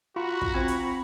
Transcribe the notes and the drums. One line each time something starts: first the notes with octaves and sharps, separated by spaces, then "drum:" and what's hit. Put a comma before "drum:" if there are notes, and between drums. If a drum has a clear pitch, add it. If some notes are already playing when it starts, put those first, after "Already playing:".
F4 F#4 A#5 B5 C#6
drum: kick
C4 C5
drum: hi-hat